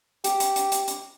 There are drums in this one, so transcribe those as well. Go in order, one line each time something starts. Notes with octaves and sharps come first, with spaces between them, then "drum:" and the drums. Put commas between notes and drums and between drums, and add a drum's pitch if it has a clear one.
G4, drum: hi-hat
drum: hi-hat
drum: hi-hat
drum: hi-hat
drum: hi-hat